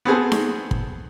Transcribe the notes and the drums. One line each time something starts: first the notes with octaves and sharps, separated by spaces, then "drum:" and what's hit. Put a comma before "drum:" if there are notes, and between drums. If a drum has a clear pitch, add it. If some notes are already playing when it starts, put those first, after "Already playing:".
B3 C4 G#4 A4
drum: snare D#4
drum: kick